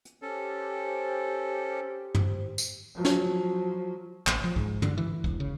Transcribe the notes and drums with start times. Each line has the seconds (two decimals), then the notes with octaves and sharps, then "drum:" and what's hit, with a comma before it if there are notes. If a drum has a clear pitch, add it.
0.05 drum: hi-hat
0.22 C#4 G4 A4 C5
2.15 drum: tom
2.58 drum: tambourine
2.95 F3 F#3
3.05 drum: snare
4.27 A1, drum: clap
4.44 F3
4.56 G#2, drum: kick
4.82 D3, drum: tom
4.98 E3
5.24 E1, drum: kick
5.40 C#3